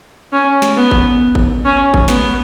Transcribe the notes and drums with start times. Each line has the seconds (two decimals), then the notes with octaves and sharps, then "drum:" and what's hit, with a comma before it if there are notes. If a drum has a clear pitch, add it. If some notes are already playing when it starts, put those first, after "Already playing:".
0.33 C#4
0.62 drum: snare
0.76 B3
0.91 drum: kick G#1
1.35 drum: kick G#1
1.65 C#4
1.94 drum: kick G#1
2.08 B3, drum: snare